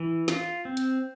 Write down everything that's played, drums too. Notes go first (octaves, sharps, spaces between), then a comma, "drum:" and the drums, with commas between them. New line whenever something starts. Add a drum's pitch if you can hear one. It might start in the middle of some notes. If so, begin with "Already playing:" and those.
Already playing: E3
F4, drum: snare
C4
drum: hi-hat